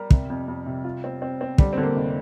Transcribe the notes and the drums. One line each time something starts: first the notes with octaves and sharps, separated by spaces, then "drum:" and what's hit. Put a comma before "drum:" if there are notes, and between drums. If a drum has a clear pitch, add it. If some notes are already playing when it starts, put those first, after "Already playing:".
Already playing: G3 A#4
C3, drum: kick
F2
F2
C3
F4
C4
C4
C4
D3 G3, drum: kick
D3 C4
A#3
F1